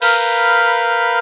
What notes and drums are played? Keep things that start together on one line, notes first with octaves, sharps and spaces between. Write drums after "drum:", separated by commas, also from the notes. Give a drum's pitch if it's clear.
A#4 B4 F5 B5 F6 G6, drum: cymbal